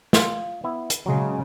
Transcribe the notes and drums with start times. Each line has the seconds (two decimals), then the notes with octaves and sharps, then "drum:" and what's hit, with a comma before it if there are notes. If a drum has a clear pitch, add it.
0.13 F4, drum: snare
0.64 B3 E4
0.90 drum: hi-hat
1.06 C#3 F#3 G#3